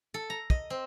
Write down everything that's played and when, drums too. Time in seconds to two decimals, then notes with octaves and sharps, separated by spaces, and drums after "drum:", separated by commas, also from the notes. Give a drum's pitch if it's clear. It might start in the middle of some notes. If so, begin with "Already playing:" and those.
0.14 A4
0.30 A#5
0.50 D#5, drum: kick
0.70 C4